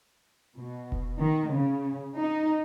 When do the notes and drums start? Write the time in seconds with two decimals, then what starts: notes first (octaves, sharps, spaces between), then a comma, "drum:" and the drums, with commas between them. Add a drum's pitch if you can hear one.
0.57 B2
0.92 drum: kick F1
1.19 D#3
1.50 C#3
2.16 D#4